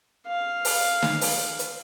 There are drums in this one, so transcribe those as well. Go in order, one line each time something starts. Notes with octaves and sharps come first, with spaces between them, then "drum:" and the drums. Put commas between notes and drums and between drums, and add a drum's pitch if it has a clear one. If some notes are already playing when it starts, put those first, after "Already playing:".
F5
drum: open hi-hat
drum: snare
drum: open hi-hat
drum: hi-hat